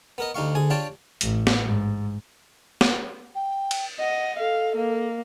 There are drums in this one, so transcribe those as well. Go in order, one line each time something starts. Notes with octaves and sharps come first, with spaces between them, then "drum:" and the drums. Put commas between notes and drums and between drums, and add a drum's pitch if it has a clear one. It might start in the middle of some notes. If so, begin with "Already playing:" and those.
B3 A#4 D#5
D2 D#4 G4 F5 C#6
D2 G#4 G#5
D4 F4 G4 C#5 G5 A5
A1, drum: hi-hat
drum: snare
G#2
drum: snare
G5
drum: cymbal
D#5 F#5
A4 F5
A#3